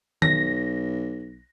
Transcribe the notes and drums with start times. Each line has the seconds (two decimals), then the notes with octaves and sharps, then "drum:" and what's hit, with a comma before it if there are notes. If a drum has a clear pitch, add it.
0.22 B1 A#6, drum: tom D#3